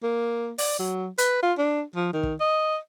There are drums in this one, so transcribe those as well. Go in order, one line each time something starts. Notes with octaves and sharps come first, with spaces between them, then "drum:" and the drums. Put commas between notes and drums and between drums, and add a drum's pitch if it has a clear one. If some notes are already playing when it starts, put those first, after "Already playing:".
A#3
D5, drum: open hi-hat
F#3
B4, drum: hi-hat
F4
D4
F3
D#3
drum: kick
D#5